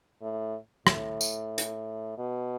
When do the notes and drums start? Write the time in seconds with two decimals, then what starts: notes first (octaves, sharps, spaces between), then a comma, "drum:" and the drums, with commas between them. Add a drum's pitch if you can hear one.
0.22 A2
0.87 A2, drum: rim click
1.21 drum: tambourine
1.58 drum: hi-hat
2.18 B2